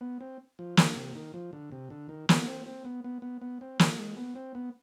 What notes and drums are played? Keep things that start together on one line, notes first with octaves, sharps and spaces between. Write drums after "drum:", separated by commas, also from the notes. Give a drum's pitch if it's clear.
B3
C4
F3
D3, drum: snare
C3
D#3
F3
D3
C3
D3
D#3
B3, drum: snare
C4
C4
B3
B3
B3
B3
C4
drum: snare
G#3
B3
C4
B3